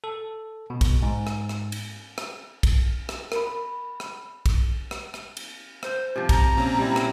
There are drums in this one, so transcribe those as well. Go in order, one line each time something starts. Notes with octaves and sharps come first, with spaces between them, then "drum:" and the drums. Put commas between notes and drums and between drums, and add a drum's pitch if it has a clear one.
A4
B2
drum: kick, cymbal
G#2
drum: rim click
drum: rim click
drum: cymbal
drum: rim click
drum: kick, cymbal
drum: rim click
A#4 B5, drum: rim click
B5
drum: rim click
drum: kick, cymbal
drum: rim click
drum: rim click
drum: cymbal
C5, drum: rim click
C3 F3
A#5, drum: kick, cymbal
A#2 C4 C#4
G3 E4
drum: rim click